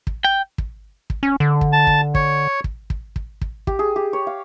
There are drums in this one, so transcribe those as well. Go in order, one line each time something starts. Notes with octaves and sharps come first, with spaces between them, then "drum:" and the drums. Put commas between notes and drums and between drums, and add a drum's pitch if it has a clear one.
drum: kick
G5
drum: kick
drum: kick
C#4
D3
drum: kick
A5
drum: kick
C#5, drum: kick
drum: kick
drum: kick
drum: kick
drum: kick
G4, drum: kick
G#4
G4
C#5
F5